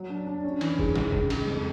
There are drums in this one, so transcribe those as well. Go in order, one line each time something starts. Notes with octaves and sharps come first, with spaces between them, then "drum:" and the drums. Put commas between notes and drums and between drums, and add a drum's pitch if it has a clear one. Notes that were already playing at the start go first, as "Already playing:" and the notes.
Already playing: F#3
D4
D4
C#4
E3, drum: cymbal
G#2, drum: kick
C#2, drum: snare
C#2, drum: kick
C#2, drum: cymbal
F2